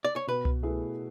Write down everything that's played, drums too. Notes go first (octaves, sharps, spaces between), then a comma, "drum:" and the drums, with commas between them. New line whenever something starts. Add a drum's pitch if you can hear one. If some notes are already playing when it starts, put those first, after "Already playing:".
D5
C#5
B2 B4
drum: tom C2
A3 E4 G#4 B4